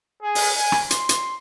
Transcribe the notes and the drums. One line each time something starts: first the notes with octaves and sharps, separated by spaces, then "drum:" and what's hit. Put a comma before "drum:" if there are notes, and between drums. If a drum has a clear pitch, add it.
G#4
drum: open hi-hat
G#5
drum: rim click
C6, drum: hi-hat
drum: hi-hat